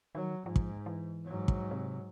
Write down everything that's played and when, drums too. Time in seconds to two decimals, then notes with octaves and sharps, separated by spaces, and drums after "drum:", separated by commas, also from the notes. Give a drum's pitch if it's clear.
0.15 D#3 F#3
0.46 G#2 F3
0.56 drum: kick
0.86 E3
1.25 G#2 F#3
1.48 drum: kick
1.71 C3